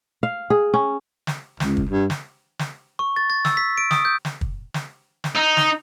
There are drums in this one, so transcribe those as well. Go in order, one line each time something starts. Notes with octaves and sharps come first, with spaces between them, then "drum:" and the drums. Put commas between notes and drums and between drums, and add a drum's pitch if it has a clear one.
F5
G#4
C#4
drum: snare
C#2, drum: snare
drum: kick
G2
drum: snare
drum: snare
C#6
A6
A6
E6, drum: snare
B6
D7
D#6, drum: snare
G6
drum: snare
drum: kick
drum: snare
drum: snare
D#4
drum: snare